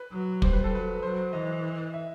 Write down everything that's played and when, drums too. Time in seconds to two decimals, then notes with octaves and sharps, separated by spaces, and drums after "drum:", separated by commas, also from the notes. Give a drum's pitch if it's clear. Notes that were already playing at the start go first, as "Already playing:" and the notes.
Already playing: B4
0.12 F#3
0.42 G3 C5, drum: kick
0.53 B4
0.64 A4
0.72 F#3 B4
1.02 F#3 C5
1.33 E3 D#5
1.94 E5